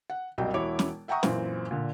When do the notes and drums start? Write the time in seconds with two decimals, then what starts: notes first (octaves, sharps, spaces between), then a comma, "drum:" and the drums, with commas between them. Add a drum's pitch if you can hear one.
0.10 F#5
0.38 F#1 C2 F#3 D#5 G5
0.54 E1 E4 F#4 C#5 D6
0.79 drum: snare
1.08 E5 F#5 G5 A#5 C#6 D#6
1.23 F#2 A#2 E3 C4, drum: snare
1.71 A#2 D3